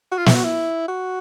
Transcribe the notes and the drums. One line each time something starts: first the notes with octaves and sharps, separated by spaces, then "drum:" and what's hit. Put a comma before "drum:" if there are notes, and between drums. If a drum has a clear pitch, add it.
F#4
F4
E4, drum: snare
F#4
E4
F#4